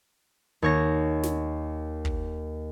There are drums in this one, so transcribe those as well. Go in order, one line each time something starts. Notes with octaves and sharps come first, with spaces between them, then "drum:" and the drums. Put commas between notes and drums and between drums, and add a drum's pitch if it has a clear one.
D#2 C#5 A#6
drum: snare
drum: kick